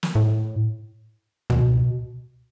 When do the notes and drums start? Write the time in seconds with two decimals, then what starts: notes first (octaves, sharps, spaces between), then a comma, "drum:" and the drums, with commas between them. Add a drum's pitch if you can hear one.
0.03 drum: snare
0.15 A2
1.50 B2, drum: tom C#2